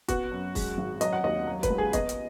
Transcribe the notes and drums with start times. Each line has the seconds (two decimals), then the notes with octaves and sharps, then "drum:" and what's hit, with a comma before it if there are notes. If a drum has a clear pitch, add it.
0.08 B3 F#4, drum: kick, hi-hat
0.32 F#2
0.55 G#3, drum: kick, open hi-hat
0.78 G#1
1.01 F#3 D#5, drum: hi-hat
1.13 F#5
1.24 D#2 D#5
1.47 F#3
1.63 B4, drum: kick, hi-hat
1.70 C#2
1.78 G#4
1.93 B3 D#5, drum: kick, hi-hat
2.09 drum: hi-hat